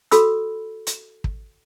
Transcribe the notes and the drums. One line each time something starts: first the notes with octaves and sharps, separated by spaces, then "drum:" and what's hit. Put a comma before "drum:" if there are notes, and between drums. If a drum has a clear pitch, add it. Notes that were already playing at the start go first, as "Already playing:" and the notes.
F#4 A4 B5 E6, drum: hi-hat
drum: hi-hat
drum: kick